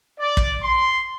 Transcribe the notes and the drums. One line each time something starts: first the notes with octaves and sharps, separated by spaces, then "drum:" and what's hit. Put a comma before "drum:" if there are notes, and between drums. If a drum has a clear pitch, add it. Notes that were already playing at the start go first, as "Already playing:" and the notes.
D5
drum: kick
C6